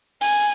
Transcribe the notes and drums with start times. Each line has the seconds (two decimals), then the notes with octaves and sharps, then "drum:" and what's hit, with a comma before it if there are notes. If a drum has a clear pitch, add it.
0.21 G#5, drum: cymbal